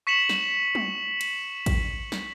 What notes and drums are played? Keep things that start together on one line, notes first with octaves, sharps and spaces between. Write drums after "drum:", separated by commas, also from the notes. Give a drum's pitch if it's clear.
C#6 B6 C#7 E7 F#7
drum: snare
drum: tom
drum: cymbal
drum: kick, cymbal
drum: snare